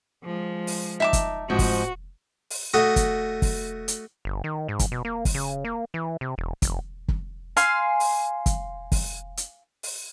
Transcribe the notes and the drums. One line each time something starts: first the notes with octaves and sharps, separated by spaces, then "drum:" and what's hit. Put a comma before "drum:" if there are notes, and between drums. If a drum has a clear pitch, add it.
F3 G#3
drum: open hi-hat
D#4 E5 A5 D6
drum: kick, hi-hat
G#2 F3 C4 F#4
drum: kick, open hi-hat
drum: open hi-hat
A3 F#4 D#5
drum: kick, hi-hat
drum: kick, open hi-hat
drum: hi-hat
G1
D#3
G#2
drum: kick, hi-hat
B2
A#3
drum: kick, open hi-hat
C#3
A#3
E3
C3
E1
F1, drum: kick, hi-hat
drum: kick
F5 G#5 C6 F6, drum: hi-hat
drum: open hi-hat
drum: kick, hi-hat
drum: kick, open hi-hat
drum: hi-hat
drum: open hi-hat